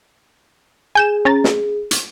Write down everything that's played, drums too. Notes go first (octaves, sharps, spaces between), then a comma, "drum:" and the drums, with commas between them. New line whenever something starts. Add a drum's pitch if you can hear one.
G#4 G#5 G6 E7
C#4 A#5 A6
drum: snare
drum: hi-hat